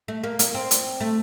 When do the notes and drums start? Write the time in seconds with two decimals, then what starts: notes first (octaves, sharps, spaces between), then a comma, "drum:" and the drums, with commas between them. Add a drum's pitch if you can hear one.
0.08 A3
0.24 A#3
0.39 A#3, drum: hi-hat
0.54 C4
0.71 drum: hi-hat
1.00 A3